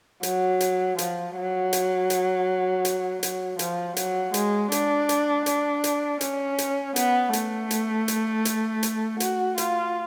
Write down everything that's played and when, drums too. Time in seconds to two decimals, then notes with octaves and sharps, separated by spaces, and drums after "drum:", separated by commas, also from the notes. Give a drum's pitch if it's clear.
0.23 F#3, drum: hi-hat
0.60 drum: hi-hat
0.98 F3, drum: hi-hat
1.36 F#3
1.73 drum: hi-hat
2.10 drum: hi-hat
2.85 drum: hi-hat
3.23 F#3, drum: hi-hat
3.59 F3, drum: hi-hat
3.97 F#3, drum: hi-hat
4.34 G#3, drum: hi-hat
4.72 D4, drum: hi-hat
5.09 drum: hi-hat
5.46 D4, drum: hi-hat
5.84 drum: hi-hat
6.21 C#4, drum: hi-hat
6.58 drum: hi-hat
6.96 B3, drum: hi-hat
7.33 A3, drum: hi-hat
7.71 drum: hi-hat
8.08 drum: hi-hat
8.45 drum: hi-hat
8.83 drum: hi-hat
9.20 F#4, drum: hi-hat
9.58 F4, drum: hi-hat